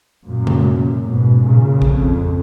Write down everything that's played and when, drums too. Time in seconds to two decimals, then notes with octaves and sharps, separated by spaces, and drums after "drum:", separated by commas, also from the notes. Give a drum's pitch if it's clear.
0.25 F#2 A#2
0.47 drum: tom C3
1.04 G#2 B2
1.42 A#2 C#3
1.82 F2, drum: kick